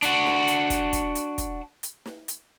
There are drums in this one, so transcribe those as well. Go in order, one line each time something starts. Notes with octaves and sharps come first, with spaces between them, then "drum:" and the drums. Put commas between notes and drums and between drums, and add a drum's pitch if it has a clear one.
D4 F#4, drum: hi-hat
drum: snare
drum: hi-hat
drum: kick, hi-hat
drum: kick, hi-hat
drum: hi-hat
drum: kick, hi-hat
drum: hi-hat
drum: snare
drum: hi-hat